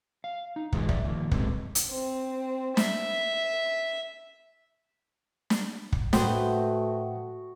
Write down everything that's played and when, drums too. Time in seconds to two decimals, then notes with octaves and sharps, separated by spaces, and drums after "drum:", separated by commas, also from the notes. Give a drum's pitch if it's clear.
0.24 F5
0.56 D#4
0.72 E3 G#3 F4 G#4 B4, drum: kick
0.89 F2 F3 D5 E5, drum: kick
1.04 A#2 D#3 F3 A#3
1.31 B2 G3 G#3 C4 A4 B4, drum: kick
1.75 drum: hi-hat
1.90 C4
2.77 E5, drum: snare
5.50 drum: snare
5.92 drum: kick
6.13 A2 A3 F#4 B4 C5 G5 D#6, drum: snare